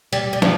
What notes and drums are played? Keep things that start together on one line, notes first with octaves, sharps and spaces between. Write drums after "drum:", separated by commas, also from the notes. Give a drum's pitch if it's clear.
G3, drum: hi-hat
G3
F3, drum: snare